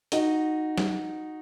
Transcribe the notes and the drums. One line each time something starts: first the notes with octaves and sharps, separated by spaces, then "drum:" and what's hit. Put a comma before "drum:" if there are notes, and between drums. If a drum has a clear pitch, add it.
D#4 F#4, drum: hi-hat
drum: snare